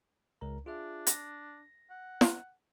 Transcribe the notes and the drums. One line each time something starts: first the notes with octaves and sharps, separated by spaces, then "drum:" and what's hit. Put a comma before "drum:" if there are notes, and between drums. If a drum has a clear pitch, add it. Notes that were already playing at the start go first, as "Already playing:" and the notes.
C#2 A#4 A#5
D4 F4 G#4 E5
A#6, drum: hi-hat
F#5
drum: snare